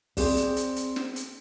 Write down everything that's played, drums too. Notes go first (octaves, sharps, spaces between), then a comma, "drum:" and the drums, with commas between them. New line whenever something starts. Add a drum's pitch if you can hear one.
C4 G#4 C5 D5, drum: kick, open hi-hat
drum: hi-hat
drum: hi-hat
drum: hi-hat
drum: snare
drum: hi-hat